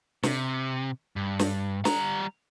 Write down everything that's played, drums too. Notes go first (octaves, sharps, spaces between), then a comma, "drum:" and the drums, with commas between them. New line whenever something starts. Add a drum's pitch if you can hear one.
C3, drum: snare
G2
drum: snare
G3 A#5, drum: snare